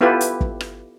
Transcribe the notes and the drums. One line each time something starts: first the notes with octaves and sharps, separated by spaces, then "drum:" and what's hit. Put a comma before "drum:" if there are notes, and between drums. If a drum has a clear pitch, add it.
B3 E4 F4 G4 A4 B4
drum: hi-hat
drum: kick
drum: rim click